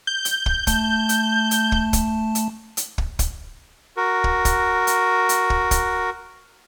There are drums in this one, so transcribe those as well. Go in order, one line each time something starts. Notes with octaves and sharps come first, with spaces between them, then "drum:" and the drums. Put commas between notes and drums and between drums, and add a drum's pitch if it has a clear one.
G6
drum: hi-hat
drum: kick
A3 A5, drum: kick, hi-hat
drum: hi-hat
drum: hi-hat
drum: kick
drum: kick, hi-hat
drum: hi-hat
drum: hi-hat
drum: kick
drum: kick, hi-hat
F#4 A#4
drum: kick
drum: kick, hi-hat
drum: hi-hat
drum: hi-hat
drum: kick
drum: kick, hi-hat